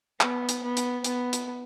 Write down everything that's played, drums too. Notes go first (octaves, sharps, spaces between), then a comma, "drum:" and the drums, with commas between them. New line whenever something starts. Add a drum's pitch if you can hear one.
B3, drum: clap
drum: hi-hat
B3
drum: hi-hat
B3, drum: hi-hat
drum: hi-hat